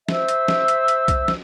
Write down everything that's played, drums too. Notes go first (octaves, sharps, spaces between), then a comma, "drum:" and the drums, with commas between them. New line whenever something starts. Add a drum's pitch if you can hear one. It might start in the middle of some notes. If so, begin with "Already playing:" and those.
C5 E5 E6, drum: snare
drum: hi-hat
drum: snare
drum: hi-hat
drum: hi-hat
drum: kick B1, hi-hat
drum: snare